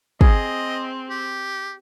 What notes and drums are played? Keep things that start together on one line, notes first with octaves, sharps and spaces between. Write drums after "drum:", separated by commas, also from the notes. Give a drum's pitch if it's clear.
C4 G#4 D#5, drum: kick
G4